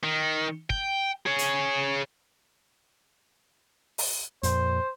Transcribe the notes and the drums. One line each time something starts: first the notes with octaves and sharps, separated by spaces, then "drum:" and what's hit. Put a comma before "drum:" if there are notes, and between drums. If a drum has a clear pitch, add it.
D#3
G5, drum: kick
G#4 C#5
drum: hi-hat
drum: open hi-hat
F2 A#2 C5, drum: hi-hat